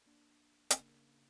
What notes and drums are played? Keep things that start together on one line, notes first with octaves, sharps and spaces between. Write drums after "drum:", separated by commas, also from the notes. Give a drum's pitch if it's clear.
A#3 D4
C#3 A#3 D4, drum: hi-hat